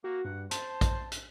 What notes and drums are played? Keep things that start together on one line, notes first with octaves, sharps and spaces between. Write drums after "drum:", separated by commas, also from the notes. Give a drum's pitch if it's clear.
A#3 F#4
G2 F#5
C5 A5, drum: hi-hat
drum: kick, hi-hat
drum: hi-hat